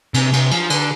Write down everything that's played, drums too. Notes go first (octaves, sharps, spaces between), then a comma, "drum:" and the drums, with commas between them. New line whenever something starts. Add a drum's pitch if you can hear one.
C3, drum: cymbal
C3, drum: cymbal
F3, drum: cymbal
D3, drum: cymbal